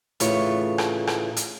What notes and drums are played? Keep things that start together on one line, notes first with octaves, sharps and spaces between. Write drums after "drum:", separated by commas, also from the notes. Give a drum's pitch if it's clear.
D2 A2 C#3 E3 F4 C#5, drum: hi-hat
drum: rim click
drum: rim click
drum: hi-hat